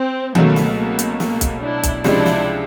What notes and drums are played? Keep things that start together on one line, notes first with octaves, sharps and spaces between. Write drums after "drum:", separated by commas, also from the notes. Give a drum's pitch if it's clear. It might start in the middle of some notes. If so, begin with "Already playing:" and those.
Already playing: C4
C#2 B2 F#3 A3 A#3, drum: tom D#3
drum: snare
A#3
drum: hi-hat
A#3, drum: snare
drum: kick B1, hi-hat
D4 E4
drum: kick B1, hi-hat
C#2 C3 F3 G#3 D4 E4, drum: snare
drum: snare